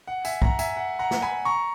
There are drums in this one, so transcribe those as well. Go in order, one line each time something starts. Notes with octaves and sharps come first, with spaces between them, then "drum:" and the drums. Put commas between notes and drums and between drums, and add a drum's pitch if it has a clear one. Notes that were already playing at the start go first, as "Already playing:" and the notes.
F#5
E5 G#5, drum: tambourine
F#5 A#5, drum: kick
E5 G#5, drum: tambourine
F#5
F#5 A#5
drum: snare
G#5 B5
A#5 C#6